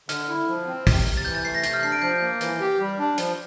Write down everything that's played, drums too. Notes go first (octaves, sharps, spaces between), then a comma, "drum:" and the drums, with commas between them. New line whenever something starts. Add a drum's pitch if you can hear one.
D3 F6, drum: hi-hat
E4
F3
C4
C3, drum: kick, open hi-hat
C3
A6
E3 G6
A6
A3 C7
A#6
C3 G6, drum: hi-hat
F6
D4 C7
D7
F3 G6
A#3
E3, drum: hi-hat
G4
G3
D4
F3, drum: hi-hat